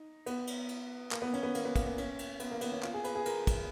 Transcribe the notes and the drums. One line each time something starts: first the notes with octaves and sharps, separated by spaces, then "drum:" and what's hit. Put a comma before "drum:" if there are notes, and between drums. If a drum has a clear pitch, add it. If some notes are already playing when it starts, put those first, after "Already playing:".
Already playing: D#4
B3, drum: cymbal
drum: cymbal
drum: cymbal
A#3, drum: clap
B3
C#4, drum: cymbal
B3
A#3, drum: cymbal
B3
A#3, drum: kick, cymbal
B3
C#4, drum: cymbal
drum: cymbal
B3, drum: cymbal
A#3
B3, drum: cymbal
C#4
F4, drum: clap
G#4
B4, drum: cymbal
G#4
A#4, drum: cymbal
drum: kick, cymbal